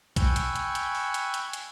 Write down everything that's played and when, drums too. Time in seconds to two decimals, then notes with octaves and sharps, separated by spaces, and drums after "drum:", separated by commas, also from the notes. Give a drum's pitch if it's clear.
0.16 G5 G#5 B5 C#6 E6 F#6, drum: kick B1, hi-hat
0.36 drum: hi-hat
0.56 drum: hi-hat
0.75 drum: hi-hat
0.95 drum: open hi-hat
1.14 drum: hi-hat
1.34 drum: hi-hat
1.53 drum: hi-hat